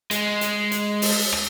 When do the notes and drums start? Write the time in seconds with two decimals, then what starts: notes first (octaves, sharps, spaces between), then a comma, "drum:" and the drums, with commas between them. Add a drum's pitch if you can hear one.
0.11 G#3, drum: hi-hat
0.41 drum: hi-hat
0.72 drum: hi-hat
1.02 drum: open hi-hat
1.32 drum: rim click